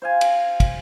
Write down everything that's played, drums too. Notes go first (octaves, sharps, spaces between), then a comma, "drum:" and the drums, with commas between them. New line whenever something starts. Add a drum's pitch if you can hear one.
C5 F5 G#5
drum: cymbal
drum: kick, cymbal